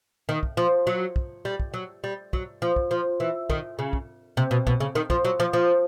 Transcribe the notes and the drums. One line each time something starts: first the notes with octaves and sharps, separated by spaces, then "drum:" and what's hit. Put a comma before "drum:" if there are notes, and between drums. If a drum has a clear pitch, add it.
D#3
drum: kick
F3
F#3
drum: kick
G3
drum: kick
F#3
G3
F#3, drum: kick
F3
drum: kick
F3
E3
D#3, drum: kick
C#3
drum: kick
C3
B2
B2, drum: kick
C#3
D#3
F3, drum: kick
F#3
F3
F3